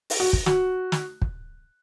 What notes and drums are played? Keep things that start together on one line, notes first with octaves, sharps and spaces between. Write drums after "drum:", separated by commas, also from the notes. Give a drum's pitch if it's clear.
drum: open hi-hat
F#4
drum: kick
F#4, drum: snare
drum: snare
drum: kick